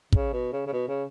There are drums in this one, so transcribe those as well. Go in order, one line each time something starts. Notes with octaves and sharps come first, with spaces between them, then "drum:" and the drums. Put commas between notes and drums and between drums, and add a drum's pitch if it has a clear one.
C#3, drum: kick
B2
C#3
C#3
B2
C#3